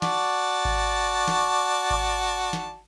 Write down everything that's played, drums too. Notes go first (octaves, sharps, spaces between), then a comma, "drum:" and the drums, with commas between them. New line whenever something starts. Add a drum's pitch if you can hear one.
F#4 D5 A5, drum: snare
drum: kick G#1
drum: snare
drum: kick G#1
drum: snare